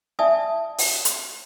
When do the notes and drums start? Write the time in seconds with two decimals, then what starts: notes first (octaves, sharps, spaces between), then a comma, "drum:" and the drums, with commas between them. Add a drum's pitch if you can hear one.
0.19 D5 E5 G#5 A5 D#6
0.78 drum: open hi-hat
1.05 drum: hi-hat